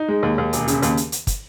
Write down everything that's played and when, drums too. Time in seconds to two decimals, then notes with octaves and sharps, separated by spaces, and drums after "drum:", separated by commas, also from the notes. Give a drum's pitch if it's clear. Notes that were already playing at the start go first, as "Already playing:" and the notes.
Already playing: D#4
0.08 G#3
0.23 D#2
0.38 D#2
0.53 E1, drum: hi-hat
0.68 C#3, drum: hi-hat
0.82 D#2, drum: hi-hat
0.97 drum: hi-hat
1.12 drum: hi-hat
1.27 drum: kick, hi-hat